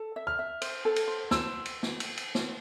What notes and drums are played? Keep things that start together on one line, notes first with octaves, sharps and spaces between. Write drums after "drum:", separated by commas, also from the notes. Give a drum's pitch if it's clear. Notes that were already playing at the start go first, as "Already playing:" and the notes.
Already playing: A4
E5
F6
E5
C5, drum: cymbal
A4
drum: cymbal
C5
C5 E6, drum: snare
drum: cymbal
drum: snare
drum: cymbal
drum: cymbal
drum: snare